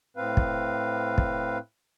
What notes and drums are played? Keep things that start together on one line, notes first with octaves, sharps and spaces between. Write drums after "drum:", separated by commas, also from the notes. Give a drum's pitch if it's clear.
A2 C4 B4 F5
drum: kick
drum: kick